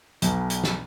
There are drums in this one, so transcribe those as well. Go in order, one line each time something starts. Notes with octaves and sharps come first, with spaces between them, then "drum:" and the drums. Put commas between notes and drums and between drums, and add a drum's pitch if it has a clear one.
B1 B2, drum: hi-hat
drum: hi-hat
drum: snare